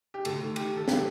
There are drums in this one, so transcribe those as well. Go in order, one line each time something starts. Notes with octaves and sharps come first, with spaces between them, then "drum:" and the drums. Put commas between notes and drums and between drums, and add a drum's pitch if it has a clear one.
G4
D2 A4, drum: cymbal
D#3
D#3 G4, drum: cymbal
D#3 A4
D#3 G4, drum: snare